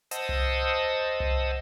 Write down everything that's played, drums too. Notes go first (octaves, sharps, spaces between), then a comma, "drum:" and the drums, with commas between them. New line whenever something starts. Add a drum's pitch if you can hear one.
C5 D#5 F#5 A5 D#6 E6, drum: hi-hat
drum: tom C2
drum: tom C2